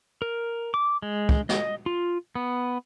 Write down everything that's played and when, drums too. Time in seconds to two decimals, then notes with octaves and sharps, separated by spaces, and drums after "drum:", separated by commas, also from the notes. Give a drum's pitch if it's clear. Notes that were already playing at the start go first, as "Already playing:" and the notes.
0.22 A#4
0.74 D6
1.02 G#3
1.29 drum: kick
1.49 D#5, drum: snare
1.86 F4
2.35 B3